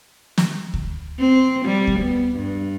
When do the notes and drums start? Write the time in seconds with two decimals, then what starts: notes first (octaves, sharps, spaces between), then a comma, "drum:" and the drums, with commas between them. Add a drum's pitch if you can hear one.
0.38 drum: snare
0.74 drum: kick D2
1.20 C4
1.66 G3
1.87 drum: kick D2
1.99 B3
2.37 G2